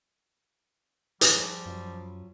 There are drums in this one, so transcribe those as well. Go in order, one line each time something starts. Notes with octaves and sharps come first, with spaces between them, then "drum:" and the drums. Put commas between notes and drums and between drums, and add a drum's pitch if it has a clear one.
F3 G3 G#4, drum: hi-hat
F#2 F#3 F4